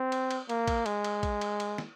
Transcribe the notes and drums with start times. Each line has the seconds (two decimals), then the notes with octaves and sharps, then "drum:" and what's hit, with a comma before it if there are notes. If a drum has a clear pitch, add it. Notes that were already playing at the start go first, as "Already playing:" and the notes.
Already playing: C4
0.12 drum: cymbal
0.31 drum: cymbal
0.49 A#3, drum: cymbal
0.68 drum: kick, cymbal
0.86 G#3, drum: cymbal
1.04 drum: cymbal
1.23 drum: kick, cymbal
1.41 drum: cymbal
1.60 drum: cymbal
1.78 drum: snare